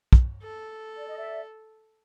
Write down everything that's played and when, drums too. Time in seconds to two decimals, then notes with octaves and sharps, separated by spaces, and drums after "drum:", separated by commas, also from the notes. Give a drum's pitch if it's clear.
0.13 drum: kick
0.43 A4
0.96 D5
1.06 D#5
1.17 D5 E5